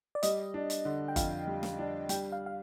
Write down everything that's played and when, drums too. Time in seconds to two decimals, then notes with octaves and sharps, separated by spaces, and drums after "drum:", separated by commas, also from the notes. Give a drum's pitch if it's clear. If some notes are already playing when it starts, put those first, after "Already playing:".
0.15 D5
0.23 G3 D#5, drum: hi-hat
0.54 D4
0.70 drum: hi-hat
0.85 D3
1.08 G5
1.16 F2 F5, drum: kick G1, hi-hat
1.47 G3
1.63 drum: snare
1.79 D4
2.09 G3 G5, drum: hi-hat
2.32 F5
2.46 F5